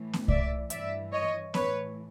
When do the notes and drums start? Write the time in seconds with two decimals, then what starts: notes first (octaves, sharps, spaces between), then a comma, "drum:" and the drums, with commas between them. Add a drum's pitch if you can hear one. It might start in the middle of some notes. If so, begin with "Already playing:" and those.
Already playing: A2 E3
0.13 drum: snare B3
0.28 D5 E5, drum: kick C2
0.70 G2 E3 D5 E5, drum: hi-hat
1.12 C#5 D#5
1.54 A2 E3 B4 C#5, drum: snare B3